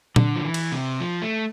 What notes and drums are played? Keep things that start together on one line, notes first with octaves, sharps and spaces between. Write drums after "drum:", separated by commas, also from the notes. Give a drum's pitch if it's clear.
D3, drum: tom A#2
F3
E3
drum: cymbal
C3
F3
A3